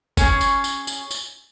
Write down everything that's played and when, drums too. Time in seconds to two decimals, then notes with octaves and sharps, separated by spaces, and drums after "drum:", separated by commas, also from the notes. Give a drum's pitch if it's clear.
0.17 C#4 G#4 C#5, drum: kick, tambourine
0.41 drum: tambourine
0.64 drum: tambourine
0.87 drum: tambourine
1.11 drum: tambourine